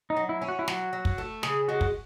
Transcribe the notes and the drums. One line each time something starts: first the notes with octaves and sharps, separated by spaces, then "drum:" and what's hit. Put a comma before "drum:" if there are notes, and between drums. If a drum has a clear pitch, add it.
D#4
F#3
E4
C#4
F#4
E4
F#3 F#4, drum: snare
F#3
drum: kick
A3
C#3 G#4, drum: snare
G#3 F#4
drum: kick